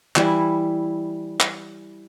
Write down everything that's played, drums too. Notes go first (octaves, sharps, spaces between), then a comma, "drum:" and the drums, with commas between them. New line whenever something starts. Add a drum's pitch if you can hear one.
E3 G3 E4, drum: clap
drum: clap